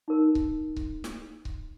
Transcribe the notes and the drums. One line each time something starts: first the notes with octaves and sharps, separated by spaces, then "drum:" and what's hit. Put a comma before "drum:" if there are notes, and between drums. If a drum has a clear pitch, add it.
D#4 A#4
drum: kick C#1
drum: kick C#1
drum: snare
drum: kick C#1